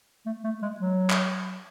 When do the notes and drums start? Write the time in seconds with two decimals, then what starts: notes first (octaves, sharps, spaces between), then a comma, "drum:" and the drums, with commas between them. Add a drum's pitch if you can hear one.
0.26 A3
0.44 A3
0.62 G#3
0.80 F#3
1.10 drum: clap